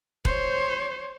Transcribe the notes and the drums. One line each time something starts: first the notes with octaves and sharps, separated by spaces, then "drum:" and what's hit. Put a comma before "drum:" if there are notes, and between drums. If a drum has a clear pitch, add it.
C5 C#5, drum: kick E1